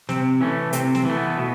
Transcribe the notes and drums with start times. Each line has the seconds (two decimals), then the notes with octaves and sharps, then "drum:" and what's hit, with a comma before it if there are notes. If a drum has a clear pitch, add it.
0.09 C3 C4, drum: snare
0.41 E3 A3 C#4
0.73 C3 C4, drum: hi-hat
0.95 C4, drum: snare
1.05 E3 A3
1.16 B3
1.38 B2